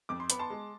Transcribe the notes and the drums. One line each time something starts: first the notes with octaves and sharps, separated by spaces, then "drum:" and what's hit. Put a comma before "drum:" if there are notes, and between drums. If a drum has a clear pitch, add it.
F2 D6
C6
B3 B5, drum: hi-hat
A5 C6
G#3